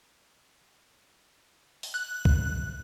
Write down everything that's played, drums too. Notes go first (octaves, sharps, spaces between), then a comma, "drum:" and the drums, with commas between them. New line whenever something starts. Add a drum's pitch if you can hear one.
drum: open hi-hat
F#6
drum: kick C2